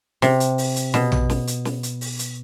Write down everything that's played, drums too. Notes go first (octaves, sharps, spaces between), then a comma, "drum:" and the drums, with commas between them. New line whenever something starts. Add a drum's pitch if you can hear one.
C3, drum: snare
drum: hi-hat
drum: open hi-hat
drum: hi-hat
B2, drum: snare
drum: tom A#1
drum: snare
drum: hi-hat
drum: snare
drum: hi-hat
drum: open hi-hat
drum: hi-hat